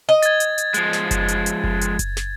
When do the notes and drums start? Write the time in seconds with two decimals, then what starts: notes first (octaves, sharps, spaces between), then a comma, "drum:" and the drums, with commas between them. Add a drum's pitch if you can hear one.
0.09 D#5
0.22 G#6 A6, drum: hi-hat
0.40 drum: hi-hat
0.58 drum: hi-hat
0.74 F3 G#3, drum: hi-hat
0.93 drum: snare
1.11 drum: kick F#1, hi-hat
1.28 drum: hi-hat
1.46 drum: hi-hat
1.64 drum: kick F#1
1.81 drum: hi-hat
1.99 drum: kick F#1, hi-hat
2.17 drum: snare